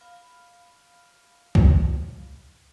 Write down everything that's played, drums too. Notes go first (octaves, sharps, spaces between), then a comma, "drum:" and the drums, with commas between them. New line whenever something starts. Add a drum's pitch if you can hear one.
F5 B5 F6
drum: kick